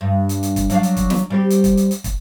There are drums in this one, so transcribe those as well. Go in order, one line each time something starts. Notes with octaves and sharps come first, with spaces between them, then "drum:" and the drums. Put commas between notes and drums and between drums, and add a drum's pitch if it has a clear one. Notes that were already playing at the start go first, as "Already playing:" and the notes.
G2
drum: hi-hat
drum: hi-hat
drum: kick, hi-hat
F#3 D4 F5, drum: hi-hat
drum: hi-hat
drum: kick, hi-hat
drum: snare
G3 C4 G4
drum: hi-hat
drum: kick, hi-hat
drum: hi-hat
drum: hi-hat
drum: kick, hi-hat